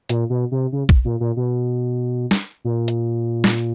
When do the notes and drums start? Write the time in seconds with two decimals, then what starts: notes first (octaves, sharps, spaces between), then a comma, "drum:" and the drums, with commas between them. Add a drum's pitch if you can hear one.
0.09 A#2, drum: hi-hat
0.30 B2
0.52 C3
0.72 C#3
0.89 drum: kick
1.05 A#2
1.20 A#2
1.37 B2
2.31 drum: snare
2.65 A#2
2.88 drum: hi-hat
3.44 drum: snare